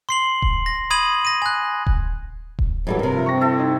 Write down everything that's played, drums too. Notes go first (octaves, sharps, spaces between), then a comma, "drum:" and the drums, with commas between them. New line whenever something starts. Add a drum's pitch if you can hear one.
C6 C7 F#7
drum: kick D#1
A#6
B5 D#6 G#6 D#7 F#7
A#6 D#7
G#5 F#6
drum: kick D#1
drum: kick D#1
F#2 E3 F#3 G3 A4
G2 C3 A#4
F3 E5
C4 C#6 A#6
E4 A4
D#4